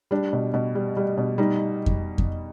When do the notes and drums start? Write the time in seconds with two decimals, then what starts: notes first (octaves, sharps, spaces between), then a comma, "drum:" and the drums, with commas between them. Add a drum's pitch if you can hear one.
0.11 G3 D4
0.33 B2
0.54 B2
0.75 G3
0.97 G3
1.17 B2
1.38 G3 D#4
1.86 drum: kick F2
2.18 drum: kick F2